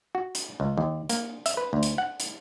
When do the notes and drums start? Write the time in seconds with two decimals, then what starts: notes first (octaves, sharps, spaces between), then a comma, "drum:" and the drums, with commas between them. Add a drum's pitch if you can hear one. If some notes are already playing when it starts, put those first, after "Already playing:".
0.15 F#4
0.35 drum: hi-hat
0.60 C#2
0.77 D#2
1.09 A#3, drum: hi-hat
1.46 E5, drum: hi-hat
1.57 B4
1.73 D2
1.83 drum: hi-hat
1.98 F#5
2.20 drum: hi-hat